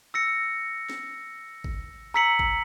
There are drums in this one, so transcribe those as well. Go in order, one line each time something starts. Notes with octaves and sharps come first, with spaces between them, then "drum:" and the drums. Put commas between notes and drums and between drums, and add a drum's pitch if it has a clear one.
E6 A#6 C#7
drum: snare
drum: kick G#1
A#5 E6 B6 C#7 F#7
drum: kick G#1